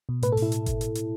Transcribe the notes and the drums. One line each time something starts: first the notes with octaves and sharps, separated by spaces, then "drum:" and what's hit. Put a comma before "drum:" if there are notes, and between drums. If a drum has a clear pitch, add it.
B2
A2 B4, drum: hi-hat
A4
A2, drum: open hi-hat
E4
drum: hi-hat
drum: kick G1, hi-hat
drum: hi-hat
drum: hi-hat